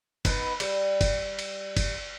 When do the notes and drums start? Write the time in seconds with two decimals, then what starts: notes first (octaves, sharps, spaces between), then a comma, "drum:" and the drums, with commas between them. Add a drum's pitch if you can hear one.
0.25 B3 D#4 B4, drum: kick, cymbal
0.60 G3, drum: cymbal
1.01 drum: kick, cymbal
1.39 drum: cymbal
1.77 drum: kick, cymbal